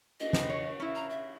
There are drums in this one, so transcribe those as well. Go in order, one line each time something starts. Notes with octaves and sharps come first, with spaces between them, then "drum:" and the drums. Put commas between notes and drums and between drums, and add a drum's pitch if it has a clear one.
D#5, drum: cymbal
B3 C4, drum: snare
C#5
C#4 E4
A#5
E5